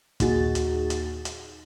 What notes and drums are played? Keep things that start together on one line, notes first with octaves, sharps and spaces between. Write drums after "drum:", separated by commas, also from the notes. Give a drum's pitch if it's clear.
D#2 A#2 D#4 F#4 G#4 A6, drum: kick, hi-hat
drum: hi-hat
drum: hi-hat
drum: hi-hat